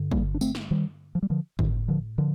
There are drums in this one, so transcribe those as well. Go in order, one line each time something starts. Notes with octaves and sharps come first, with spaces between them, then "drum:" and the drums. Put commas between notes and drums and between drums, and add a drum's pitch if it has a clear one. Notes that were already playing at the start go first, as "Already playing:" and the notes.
Already playing: G2 D3
G3 A#3, drum: kick
D4
A3 C4, drum: tambourine
drum: snare
D#3 G3
F3
G3
D3 F3
A2 D#3, drum: kick
D3 F3
D3 F3